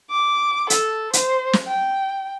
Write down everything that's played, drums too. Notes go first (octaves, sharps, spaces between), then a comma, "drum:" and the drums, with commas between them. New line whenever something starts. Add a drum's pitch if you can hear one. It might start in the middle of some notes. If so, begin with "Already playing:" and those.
D6
A4, drum: hi-hat
C5, drum: hi-hat
drum: snare
G5